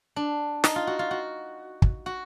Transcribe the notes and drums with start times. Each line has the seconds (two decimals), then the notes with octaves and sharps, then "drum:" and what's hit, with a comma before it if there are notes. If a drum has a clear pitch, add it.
0.16 D4
0.64 D#4, drum: snare
0.76 F4
0.87 F#4
0.99 F4
1.11 F#4
1.82 drum: kick
2.06 F#4